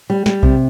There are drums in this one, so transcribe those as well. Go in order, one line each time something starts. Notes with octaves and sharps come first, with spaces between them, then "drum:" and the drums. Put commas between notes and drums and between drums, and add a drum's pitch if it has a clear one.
G3
G3, drum: snare
C3, drum: kick B1